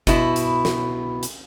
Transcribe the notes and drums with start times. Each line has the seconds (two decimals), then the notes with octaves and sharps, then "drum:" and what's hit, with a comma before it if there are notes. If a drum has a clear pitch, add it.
0.07 B2 E4, drum: kick G1, hi-hat
0.36 drum: hi-hat
0.65 drum: snare
1.23 drum: hi-hat